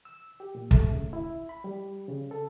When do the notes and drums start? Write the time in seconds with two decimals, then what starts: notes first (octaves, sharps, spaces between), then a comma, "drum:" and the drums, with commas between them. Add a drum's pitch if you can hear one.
0.05 E6
0.40 G4
0.55 A#2
0.71 A3, drum: kick
0.91 C#3
1.13 E4
1.49 B5
1.64 G3
2.08 C#3
2.31 A4